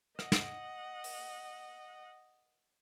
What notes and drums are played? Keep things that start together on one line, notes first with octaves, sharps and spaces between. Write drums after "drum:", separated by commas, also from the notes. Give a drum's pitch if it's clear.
D#5 F#5, drum: rim click
drum: snare
drum: open hi-hat